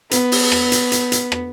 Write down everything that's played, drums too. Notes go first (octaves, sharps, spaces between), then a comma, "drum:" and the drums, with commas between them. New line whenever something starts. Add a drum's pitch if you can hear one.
B3, drum: hi-hat
drum: open hi-hat
drum: rim click
drum: hi-hat
drum: hi-hat
drum: hi-hat
drum: rim click